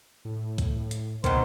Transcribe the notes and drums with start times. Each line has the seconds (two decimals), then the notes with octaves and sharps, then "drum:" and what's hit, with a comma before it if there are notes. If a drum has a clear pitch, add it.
0.25 A2
0.58 drum: kick, hi-hat
0.91 drum: hi-hat
1.24 B2 D#3 C5, drum: kick, hi-hat